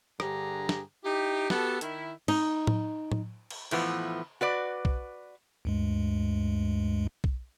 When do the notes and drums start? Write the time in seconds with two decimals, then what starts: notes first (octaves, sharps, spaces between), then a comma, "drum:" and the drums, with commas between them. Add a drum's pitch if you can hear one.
0.20 G2 D3 G4 G#4 A#5, drum: rim click
0.69 drum: snare
1.04 D#4 E4 G4
1.50 B3 F#4 G4 A4, drum: snare
1.81 D#3 E4, drum: hi-hat
2.28 D#4, drum: cymbal
2.67 drum: tom A2
3.12 drum: tom A2
3.50 drum: cymbal
3.71 A2 E3 F3 B3, drum: cymbal
4.41 F#4 B4 D5
4.85 drum: kick B1
5.65 D2 G2 G#3
7.24 drum: kick B1